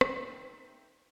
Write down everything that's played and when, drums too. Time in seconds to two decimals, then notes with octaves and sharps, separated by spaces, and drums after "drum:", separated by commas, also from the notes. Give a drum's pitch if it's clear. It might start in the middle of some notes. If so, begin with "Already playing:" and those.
0.01 D#4 A4 C5 E5 G5 C6, drum: rim click